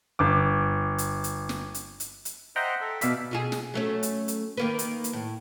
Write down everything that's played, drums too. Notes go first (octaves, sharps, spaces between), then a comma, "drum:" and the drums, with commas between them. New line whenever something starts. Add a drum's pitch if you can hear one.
G1 D6
drum: hi-hat
drum: hi-hat
drum: snare
drum: hi-hat
drum: hi-hat
drum: hi-hat
C5 D#5 E5 F#5 G5 A#5
A4 E5
B2 D5 F5 B5 E6 B6, drum: hi-hat
B2 F4 G#4
drum: snare
F#3 A3 C#4
drum: hi-hat
drum: hi-hat
D#3 A#3 B4
drum: hi-hat
drum: hi-hat
A2